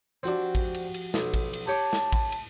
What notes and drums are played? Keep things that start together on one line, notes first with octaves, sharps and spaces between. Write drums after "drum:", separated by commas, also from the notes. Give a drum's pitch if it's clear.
F3 C4 D4 F#4 G4
drum: kick A1, cymbal
drum: cymbal
drum: cymbal
B1, drum: snare
drum: kick A1, cymbal
drum: cymbal
G4 C#5 A5 D6
drum: snare
drum: kick A1, cymbal
drum: cymbal